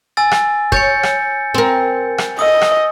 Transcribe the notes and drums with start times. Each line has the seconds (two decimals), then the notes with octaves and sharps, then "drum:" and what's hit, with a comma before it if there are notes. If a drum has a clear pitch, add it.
0.17 G#5 E6 A6
0.31 drum: rim click
0.72 C#5 G6 A6 C#7, drum: kick
1.03 drum: rim click
1.54 C4 A#4
2.18 drum: rim click
2.39 D#5 D#6 E6
2.61 drum: rim click